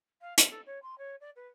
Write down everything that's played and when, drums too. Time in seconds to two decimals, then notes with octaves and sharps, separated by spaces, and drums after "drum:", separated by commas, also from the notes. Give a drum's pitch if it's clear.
0.21 F5
0.38 E5, drum: hi-hat
0.50 A4
0.66 C#5
0.82 C6
0.98 C#5
1.21 D5
1.36 B4